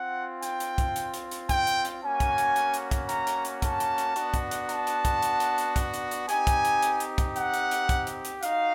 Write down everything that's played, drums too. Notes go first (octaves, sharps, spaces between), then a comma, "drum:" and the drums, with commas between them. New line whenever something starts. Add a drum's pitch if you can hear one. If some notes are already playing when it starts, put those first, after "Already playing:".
Already playing: C4 F4 F#5
G5, drum: hi-hat
drum: hi-hat
drum: kick, hi-hat
drum: hi-hat
drum: hi-hat
drum: hi-hat
G5, drum: kick, hi-hat
drum: hi-hat
drum: hi-hat
A#3 C#4 F#4 G#5
drum: kick, hi-hat
drum: hi-hat
drum: hi-hat
drum: hi-hat
drum: kick, hi-hat
A#5, drum: hi-hat
drum: hi-hat
drum: hi-hat
A5, drum: kick, hi-hat
drum: hi-hat
drum: hi-hat
B3 D4 F#4, drum: hi-hat
drum: kick, hi-hat
drum: hi-hat
A5, drum: hi-hat
drum: hi-hat
drum: kick, hi-hat
drum: hi-hat
drum: hi-hat
drum: hi-hat
drum: kick, hi-hat
drum: hi-hat
drum: hi-hat
C4 D#4 G4 G#5, drum: hi-hat
drum: kick, hi-hat
drum: hi-hat
drum: hi-hat
drum: hi-hat
drum: kick, hi-hat
F#5, drum: hi-hat
drum: hi-hat
drum: hi-hat
drum: kick, hi-hat
drum: hi-hat
drum: hi-hat
D#4 F#4 F5, drum: hi-hat